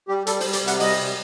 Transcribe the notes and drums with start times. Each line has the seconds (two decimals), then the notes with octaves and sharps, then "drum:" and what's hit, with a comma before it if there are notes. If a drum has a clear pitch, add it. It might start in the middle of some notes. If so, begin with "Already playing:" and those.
0.08 G3 G4
0.27 G3 A4, drum: hi-hat
0.40 C5, drum: open hi-hat
0.45 G3
0.53 D5, drum: hi-hat
0.62 C3
0.68 F#5, drum: hi-hat
0.80 G3 D#5, drum: open hi-hat
0.99 C3